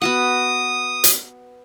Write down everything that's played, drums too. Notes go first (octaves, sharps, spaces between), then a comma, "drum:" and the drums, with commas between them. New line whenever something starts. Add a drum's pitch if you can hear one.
B3 F#4 F#5 D#6
drum: hi-hat